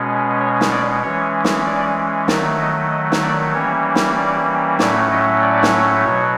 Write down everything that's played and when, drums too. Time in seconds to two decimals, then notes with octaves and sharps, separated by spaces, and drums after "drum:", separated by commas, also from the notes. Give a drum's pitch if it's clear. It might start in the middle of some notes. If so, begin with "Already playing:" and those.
Already playing: B2 G#3 C#4
0.40 C#5
0.61 drum: snare
0.71 D5
1.02 E3 G#3 C#4 C#5
1.44 drum: snare
1.66 D5
2.28 D#3 F#3 A3 D5, drum: snare
2.60 D#5
2.91 D#5
3.12 drum: snare
3.23 D5
3.53 E3 G3 A#3 C#4 C#5
3.95 drum: snare
4.16 D5
4.79 A2 F#3 A3 C#4 D5, drum: snare
5.11 D#5
5.42 D5
5.63 drum: snare
6.05 B2 F#3 C#5